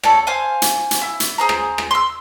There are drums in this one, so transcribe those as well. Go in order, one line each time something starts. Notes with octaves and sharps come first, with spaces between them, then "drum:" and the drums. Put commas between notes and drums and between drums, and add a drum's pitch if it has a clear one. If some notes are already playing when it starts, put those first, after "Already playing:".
A4 C#5 D5, drum: rim click
C5 F5 G#5
drum: hi-hat
drum: hi-hat
E4
drum: hi-hat
G#4 C5 A#5
drum: rim click
drum: rim click
C6 E6